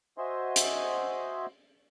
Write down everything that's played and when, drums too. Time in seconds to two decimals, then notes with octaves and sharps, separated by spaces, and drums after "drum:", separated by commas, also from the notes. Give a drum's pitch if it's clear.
0.18 F#4 C5 D#5 E5 G#5 C6
0.56 drum: hi-hat